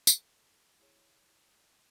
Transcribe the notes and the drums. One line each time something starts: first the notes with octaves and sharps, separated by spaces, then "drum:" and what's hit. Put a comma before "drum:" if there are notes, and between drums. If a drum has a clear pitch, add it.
A4, drum: tambourine
E4 G#4 C#5